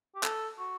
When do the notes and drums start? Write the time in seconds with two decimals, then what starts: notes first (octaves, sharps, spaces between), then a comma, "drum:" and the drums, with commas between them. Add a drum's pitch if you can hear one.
0.15 G4
0.23 A4, drum: clap
0.59 F#4